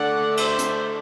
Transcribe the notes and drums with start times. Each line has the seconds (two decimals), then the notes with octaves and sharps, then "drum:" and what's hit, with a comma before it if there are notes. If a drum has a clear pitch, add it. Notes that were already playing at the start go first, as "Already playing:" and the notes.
Already playing: D3 A3 D4 D5 F#5
0.37 C5 E5, drum: cymbal
0.59 drum: hi-hat